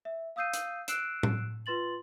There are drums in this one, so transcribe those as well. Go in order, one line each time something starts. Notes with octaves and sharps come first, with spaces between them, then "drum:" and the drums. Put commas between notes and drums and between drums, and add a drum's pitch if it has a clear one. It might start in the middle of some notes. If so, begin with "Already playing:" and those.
E5
F5 D#6 E6 G6 C7 D#7
drum: hi-hat
E6 F#6 C7 D7 E7, drum: hi-hat
drum: tom A2
F4 B4 C6 A6 F#7